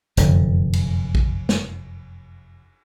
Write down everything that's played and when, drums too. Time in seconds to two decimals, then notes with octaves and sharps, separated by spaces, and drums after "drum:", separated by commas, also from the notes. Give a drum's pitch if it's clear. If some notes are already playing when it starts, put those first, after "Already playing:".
0.17 F1 F#2 D3, drum: hi-hat
0.73 drum: cymbal
1.15 drum: kick A#1
1.49 drum: snare